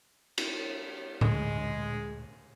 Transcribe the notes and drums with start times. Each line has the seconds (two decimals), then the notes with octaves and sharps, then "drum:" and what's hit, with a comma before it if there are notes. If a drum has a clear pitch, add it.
0.38 drum: cymbal
1.21 D2 D3 G#3, drum: tom A2